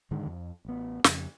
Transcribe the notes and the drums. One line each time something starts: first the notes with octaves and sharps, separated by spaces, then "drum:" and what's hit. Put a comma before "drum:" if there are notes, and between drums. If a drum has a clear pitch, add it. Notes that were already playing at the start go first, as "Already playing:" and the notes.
G#2 D3 D#3 G#3
F2
A1 B3
F2 C#3, drum: snare